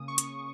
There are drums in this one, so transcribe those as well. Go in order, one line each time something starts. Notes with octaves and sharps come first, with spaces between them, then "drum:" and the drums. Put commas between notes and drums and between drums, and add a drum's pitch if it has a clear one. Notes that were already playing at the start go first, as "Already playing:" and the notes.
Already playing: C#3 A#3 C#4 D#6
C#6
drum: hi-hat